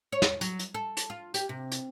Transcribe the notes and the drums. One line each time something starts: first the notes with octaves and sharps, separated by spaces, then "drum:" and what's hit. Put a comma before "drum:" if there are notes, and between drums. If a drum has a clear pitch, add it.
C#5
drum: snare
F#3, drum: hi-hat
drum: hi-hat
A4
drum: hi-hat
F4
G4, drum: hi-hat
C3
drum: hi-hat